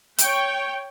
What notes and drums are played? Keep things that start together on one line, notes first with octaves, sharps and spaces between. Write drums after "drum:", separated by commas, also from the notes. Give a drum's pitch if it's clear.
C#5 G5, drum: hi-hat